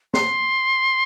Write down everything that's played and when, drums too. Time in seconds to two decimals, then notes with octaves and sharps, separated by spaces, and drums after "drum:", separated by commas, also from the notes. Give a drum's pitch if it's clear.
0.14 C6, drum: snare